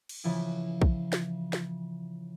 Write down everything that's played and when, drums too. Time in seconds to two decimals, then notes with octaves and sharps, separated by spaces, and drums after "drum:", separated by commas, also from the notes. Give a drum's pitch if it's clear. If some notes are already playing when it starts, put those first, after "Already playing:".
0.09 drum: cymbal
0.24 C#3 E3 F3 E4
0.82 drum: kick A#1
1.13 drum: snare
1.53 drum: snare